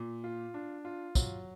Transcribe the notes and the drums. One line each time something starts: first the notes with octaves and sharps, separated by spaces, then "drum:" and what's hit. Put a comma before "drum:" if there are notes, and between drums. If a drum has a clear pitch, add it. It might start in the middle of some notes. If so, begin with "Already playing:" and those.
Already playing: A#2
F4
D4
F4
F#3, drum: kick, tambourine